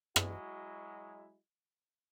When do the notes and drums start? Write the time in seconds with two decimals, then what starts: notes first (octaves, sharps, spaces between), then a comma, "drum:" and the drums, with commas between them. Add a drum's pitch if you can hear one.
0.16 F#3 G#3 E4 F#4, drum: rim click